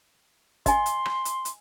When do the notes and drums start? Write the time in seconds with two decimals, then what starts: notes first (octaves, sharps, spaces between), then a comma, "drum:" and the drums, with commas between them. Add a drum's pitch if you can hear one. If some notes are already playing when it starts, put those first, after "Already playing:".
0.66 D#5 G#5 C6, drum: kick, hi-hat
0.86 drum: hi-hat
1.05 drum: rim click
1.25 drum: hi-hat
1.45 drum: hi-hat